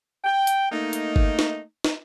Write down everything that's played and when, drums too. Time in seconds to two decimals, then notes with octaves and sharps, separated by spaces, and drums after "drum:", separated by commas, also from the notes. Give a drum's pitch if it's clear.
0.24 G5
0.47 drum: hi-hat
0.72 A3 A#3 D#4
0.93 drum: hi-hat
1.16 drum: kick G1
1.39 drum: snare
1.84 drum: snare